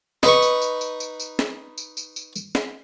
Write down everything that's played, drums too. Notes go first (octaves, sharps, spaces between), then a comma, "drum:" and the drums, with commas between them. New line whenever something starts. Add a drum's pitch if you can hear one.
D#4 B4 C#6, drum: snare
drum: tambourine
drum: tambourine
drum: tambourine
drum: tambourine
drum: tambourine
drum: snare
drum: tambourine
drum: tambourine
drum: tambourine
drum: tambourine
drum: snare